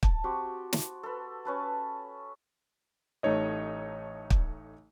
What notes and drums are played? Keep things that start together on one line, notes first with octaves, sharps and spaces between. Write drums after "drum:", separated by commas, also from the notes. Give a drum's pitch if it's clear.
A5, drum: kick
C4 F#4 G4
drum: snare
A4 B4
C#4 B4 A5
A1 A3 D#4 C#5 D#5
drum: kick